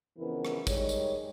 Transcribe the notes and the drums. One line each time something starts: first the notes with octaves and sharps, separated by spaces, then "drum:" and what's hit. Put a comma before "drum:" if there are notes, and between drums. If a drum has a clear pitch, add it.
F2 C#3 E3 B3 E4 A#4
drum: rim click
D#3 G3 G#3 D#4 C#5, drum: kick, tambourine
drum: tambourine